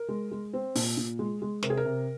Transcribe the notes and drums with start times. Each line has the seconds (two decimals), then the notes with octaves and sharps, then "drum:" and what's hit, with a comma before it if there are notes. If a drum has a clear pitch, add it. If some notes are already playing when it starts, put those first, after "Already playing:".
Already playing: A#4
0.09 G#3
0.31 G#3
0.53 C4
0.75 A#2, drum: open hi-hat
0.97 A#2
1.19 G#3
1.42 G#3
1.63 C3 A#4, drum: snare
1.70 G#4
1.77 A#4
1.85 C3